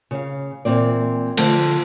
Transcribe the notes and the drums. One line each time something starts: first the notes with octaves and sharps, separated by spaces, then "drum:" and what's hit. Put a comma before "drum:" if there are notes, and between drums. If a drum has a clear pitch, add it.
C#3 F5
A#2 E3 C4 D5
D3 F3 A3, drum: cymbal